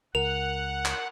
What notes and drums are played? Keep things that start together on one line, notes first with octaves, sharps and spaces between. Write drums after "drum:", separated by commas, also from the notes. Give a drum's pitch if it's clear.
C#2 A#4 F#5 F7
drum: clap